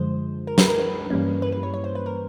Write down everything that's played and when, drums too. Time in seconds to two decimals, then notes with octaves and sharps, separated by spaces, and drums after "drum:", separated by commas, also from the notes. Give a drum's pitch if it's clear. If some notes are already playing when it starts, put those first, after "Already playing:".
Already playing: F#2 D3 F3 G#3 C5
0.47 A#4
0.58 B4, drum: snare
0.68 A#4
0.80 B4
1.10 G2 E3 G3 A#3 C#4
1.42 B4
1.52 B4
1.63 C#5
1.74 C#5
1.84 C5
1.95 B4
2.06 A#4